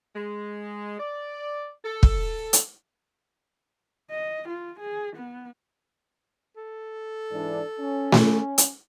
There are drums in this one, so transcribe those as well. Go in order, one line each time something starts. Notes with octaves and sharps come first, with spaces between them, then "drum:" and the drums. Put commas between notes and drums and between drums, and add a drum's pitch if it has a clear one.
G#3
D5
A4
drum: kick
drum: hi-hat
D#5
F4
G#4
B3
A4
G#2 E3 D4
C#4
drum: snare A3
drum: hi-hat